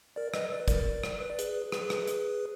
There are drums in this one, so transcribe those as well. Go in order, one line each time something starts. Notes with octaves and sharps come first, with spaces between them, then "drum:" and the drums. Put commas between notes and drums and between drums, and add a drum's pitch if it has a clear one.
A#4 D5
B4 D#5, drum: rim click
D5
B4
A#4 D5, drum: kick, hi-hat
drum: rim click
B4
D5
G#4 B4, drum: hi-hat
G#4 B4, drum: rim click
drum: rim click
drum: hi-hat